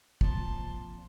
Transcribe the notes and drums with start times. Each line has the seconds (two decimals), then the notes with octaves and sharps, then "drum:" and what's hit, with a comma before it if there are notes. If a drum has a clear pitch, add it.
0.21 A#2 F3 C4 A5 C6, drum: kick